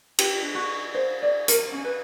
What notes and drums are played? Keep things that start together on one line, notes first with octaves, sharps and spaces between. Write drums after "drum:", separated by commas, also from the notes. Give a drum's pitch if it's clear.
G4, drum: cymbal
D4
F#4
C5
D5
A#4, drum: hi-hat
C#4
B4